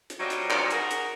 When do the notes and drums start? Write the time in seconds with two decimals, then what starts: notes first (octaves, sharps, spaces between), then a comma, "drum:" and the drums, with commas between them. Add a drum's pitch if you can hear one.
0.10 drum: hi-hat
0.20 F#3 G3 C4 F4 D#5
0.30 drum: hi-hat
0.50 drum: clap
0.70 D#4 F#4 G#4 A#4, drum: hi-hat
0.91 drum: hi-hat